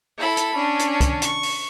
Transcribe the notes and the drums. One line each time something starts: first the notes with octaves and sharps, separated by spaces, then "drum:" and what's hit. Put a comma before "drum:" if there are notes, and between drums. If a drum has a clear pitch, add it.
E4 A4 B5
drum: hi-hat
C#4 D4
drum: hi-hat
drum: kick, hi-hat
C#6, drum: hi-hat
drum: open hi-hat